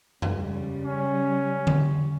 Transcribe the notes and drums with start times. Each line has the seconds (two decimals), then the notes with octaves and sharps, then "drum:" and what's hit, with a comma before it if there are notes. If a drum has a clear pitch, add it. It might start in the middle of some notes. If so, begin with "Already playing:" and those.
0.22 C#3 G3, drum: tom F#2
0.85 C#4
1.67 drum: tom D3